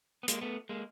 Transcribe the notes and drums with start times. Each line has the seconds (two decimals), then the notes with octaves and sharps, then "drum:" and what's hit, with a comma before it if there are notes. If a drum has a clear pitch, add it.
0.23 B3
0.28 G#3 A#3, drum: hi-hat
0.41 A3 B3
0.69 G#3 A#3